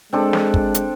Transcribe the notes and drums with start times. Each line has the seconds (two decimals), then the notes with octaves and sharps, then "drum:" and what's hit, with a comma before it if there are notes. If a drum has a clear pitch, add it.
0.13 G#3 C4 D4 A4
0.33 drum: snare
0.54 drum: kick
0.74 drum: hi-hat